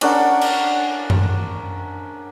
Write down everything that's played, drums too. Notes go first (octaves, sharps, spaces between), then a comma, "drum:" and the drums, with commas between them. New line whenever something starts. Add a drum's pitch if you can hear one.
C#4 D4 A#4 F#5, drum: cymbal
drum: cymbal
drum: tom F#2